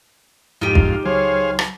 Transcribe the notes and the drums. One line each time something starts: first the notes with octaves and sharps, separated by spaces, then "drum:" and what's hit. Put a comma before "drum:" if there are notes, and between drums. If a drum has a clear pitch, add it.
F2 G#2 D#4 F4 G4
drum: kick
C#2 F#3 G#4 C5 C#5 F5
drum: rim click